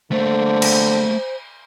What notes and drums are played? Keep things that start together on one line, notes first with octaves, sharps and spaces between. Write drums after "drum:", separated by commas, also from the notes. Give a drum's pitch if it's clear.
D3 A3 A#3 C5
drum: cymbal